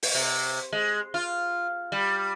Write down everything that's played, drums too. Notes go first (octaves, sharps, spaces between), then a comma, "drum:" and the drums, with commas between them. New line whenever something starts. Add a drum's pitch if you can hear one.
drum: open hi-hat
C3
G#3
F4
G3